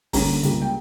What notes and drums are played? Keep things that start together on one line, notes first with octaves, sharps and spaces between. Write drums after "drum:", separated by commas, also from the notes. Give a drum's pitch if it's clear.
D2 D3 G3 A#3 C#4 A#5, drum: kick, open hi-hat
C#2 C#3 G3 A#3, drum: hi-hat
G5